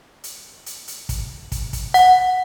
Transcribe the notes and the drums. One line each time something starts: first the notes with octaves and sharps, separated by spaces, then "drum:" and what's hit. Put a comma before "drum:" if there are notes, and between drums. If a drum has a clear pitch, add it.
drum: hi-hat
drum: hi-hat
drum: hi-hat
drum: kick, hi-hat
drum: kick, hi-hat
drum: kick, hi-hat
F#5, drum: hi-hat